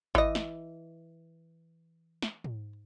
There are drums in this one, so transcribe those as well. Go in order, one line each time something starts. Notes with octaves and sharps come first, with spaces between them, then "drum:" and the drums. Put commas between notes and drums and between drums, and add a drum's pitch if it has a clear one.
E3 D#5, drum: kick G#1
drum: snare
drum: snare
drum: tom